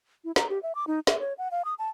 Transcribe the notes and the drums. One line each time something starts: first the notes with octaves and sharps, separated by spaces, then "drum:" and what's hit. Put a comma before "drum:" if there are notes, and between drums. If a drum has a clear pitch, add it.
E4
A#5, drum: snare
G4
E5
D6
D#4
E5, drum: snare
C#5
F#5
F5
D#6
A5